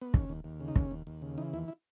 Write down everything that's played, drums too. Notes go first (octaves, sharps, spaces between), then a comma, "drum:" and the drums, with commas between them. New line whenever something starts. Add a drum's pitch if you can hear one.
B3
D#2 C#4, drum: kick
D#2
D#2
C#3
D#4
D#2 C#4, drum: kick
D#2
D#2
C#3
E3 D#4
D#2 E4
E4